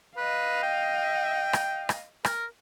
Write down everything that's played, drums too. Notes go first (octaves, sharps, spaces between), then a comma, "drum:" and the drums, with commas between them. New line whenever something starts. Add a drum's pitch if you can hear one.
B4 D#5 F5
G5
drum: rim click
drum: rim click
A#4, drum: rim click